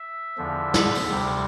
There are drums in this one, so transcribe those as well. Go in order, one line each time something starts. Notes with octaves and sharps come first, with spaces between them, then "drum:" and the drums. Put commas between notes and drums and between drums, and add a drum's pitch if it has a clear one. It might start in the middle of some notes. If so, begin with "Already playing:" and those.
Already playing: E5
E2 D3 F3
drum: snare
drum: open hi-hat
D2 C3 G3